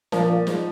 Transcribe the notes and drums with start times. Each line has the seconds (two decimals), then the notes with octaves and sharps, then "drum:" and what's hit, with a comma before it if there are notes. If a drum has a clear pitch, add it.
0.12 A#2 F3, drum: snare
0.29 A#2
0.47 G#2, drum: snare